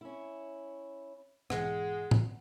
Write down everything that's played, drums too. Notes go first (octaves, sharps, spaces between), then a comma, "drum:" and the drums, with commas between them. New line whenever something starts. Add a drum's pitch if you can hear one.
C#4 E4
G#2 B2 E3 G#3 F#5, drum: rim click
drum: tom A2